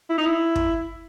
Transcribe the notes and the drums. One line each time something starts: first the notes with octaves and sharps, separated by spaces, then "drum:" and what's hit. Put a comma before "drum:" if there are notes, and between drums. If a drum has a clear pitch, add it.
E4
D#4
E4
drum: kick